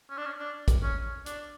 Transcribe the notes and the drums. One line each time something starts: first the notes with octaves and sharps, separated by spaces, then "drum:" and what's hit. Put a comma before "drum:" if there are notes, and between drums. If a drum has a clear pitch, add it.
C#4
D4
C#4
D4
drum: kick, hi-hat
C#4
D4, drum: hi-hat